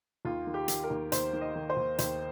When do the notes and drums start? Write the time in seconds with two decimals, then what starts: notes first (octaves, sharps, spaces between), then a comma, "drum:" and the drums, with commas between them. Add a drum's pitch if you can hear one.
0.25 D#2 F4
0.47 D#3
0.54 G4
0.68 D#3, drum: hi-hat
0.84 A#4
0.90 D#2
1.12 D#2 C5, drum: hi-hat
1.33 D#3
1.41 D#5
1.56 D#3
1.70 C5
1.77 D#2
1.99 D#2 C5, drum: hi-hat